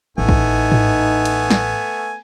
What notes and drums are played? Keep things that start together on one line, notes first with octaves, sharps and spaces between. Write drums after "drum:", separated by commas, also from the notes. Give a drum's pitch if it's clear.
A1 A3 B3 D#4 G#5
drum: kick
drum: tom G#2
drum: cymbal
drum: snare